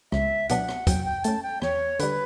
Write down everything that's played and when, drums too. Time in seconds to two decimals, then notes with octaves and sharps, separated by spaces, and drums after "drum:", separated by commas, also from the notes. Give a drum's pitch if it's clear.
0.12 C#2 E5, drum: rim click
0.49 B2 F#3 B3 D4 F#5, drum: hi-hat
0.68 drum: rim click
0.87 F#3 G5, drum: kick, hi-hat
1.05 G5
1.24 A3 C#4 A5, drum: hi-hat
1.43 G5
1.62 E2 C#5, drum: rim click
1.99 D3 G3 B4, drum: hi-hat